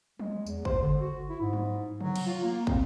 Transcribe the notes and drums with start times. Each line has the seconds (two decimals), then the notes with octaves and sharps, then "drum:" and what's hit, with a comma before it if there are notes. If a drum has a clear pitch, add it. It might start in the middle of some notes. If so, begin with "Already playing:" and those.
0.20 G#3, drum: tom F3
0.46 E2, drum: tambourine
0.65 C5, drum: kick
0.82 D3
1.00 F#4
1.29 E4
1.40 G#2
1.53 drum: tom F3
2.00 F#3, drum: tom
2.16 drum: cymbal
2.26 F4
2.43 A#3
2.67 C4, drum: kick